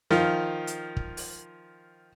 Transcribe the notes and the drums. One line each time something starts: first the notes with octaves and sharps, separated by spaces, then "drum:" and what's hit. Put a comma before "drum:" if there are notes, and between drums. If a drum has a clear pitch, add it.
D#3 F3, drum: snare
drum: hi-hat
drum: kick
drum: open hi-hat